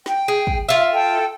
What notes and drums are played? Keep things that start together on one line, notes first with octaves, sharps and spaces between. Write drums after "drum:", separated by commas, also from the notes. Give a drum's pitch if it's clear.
G5, drum: snare
G#4
drum: kick
F4 E5
A4 G5